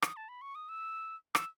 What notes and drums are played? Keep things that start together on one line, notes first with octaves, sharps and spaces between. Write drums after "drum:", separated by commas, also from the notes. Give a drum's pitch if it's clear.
D#6, drum: rim click
A5
B5
C#6
D#6
E6
E6, drum: rim click